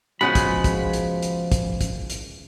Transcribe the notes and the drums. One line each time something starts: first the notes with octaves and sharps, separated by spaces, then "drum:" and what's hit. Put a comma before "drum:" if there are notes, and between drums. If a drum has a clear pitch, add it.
C#3 F3 G#3 B3 F#4 G#4 B5
drum: kick, hi-hat
drum: kick, hi-hat
drum: hi-hat
drum: hi-hat
drum: kick, hi-hat
drum: kick, hi-hat
drum: hi-hat